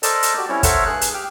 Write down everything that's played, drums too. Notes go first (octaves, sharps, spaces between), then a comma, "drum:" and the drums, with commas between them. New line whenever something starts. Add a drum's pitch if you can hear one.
A4 A#4 C5 D5 D#5 A5, drum: hi-hat
drum: hi-hat
F#4 G4 D5
G3 C4 C#4 E4 C#5
A4 A#4 C5 C#5 E5 F#5, drum: kick, hi-hat
G2 G#4 F#6
drum: hi-hat
G4 G5 F6